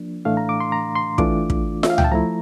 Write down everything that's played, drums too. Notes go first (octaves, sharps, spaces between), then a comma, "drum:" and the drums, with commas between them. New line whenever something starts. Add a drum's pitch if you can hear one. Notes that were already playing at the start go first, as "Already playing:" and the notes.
Already playing: F3 A#3 D4
A2 E3 A3 D4 F5
A#5
D6
C6
A#5
C6
E3 A3 D4 F4 D6, drum: kick
drum: kick
E5, drum: snare F4
F5
G5, drum: tom C#2
A5
F3 A3 E4 A#5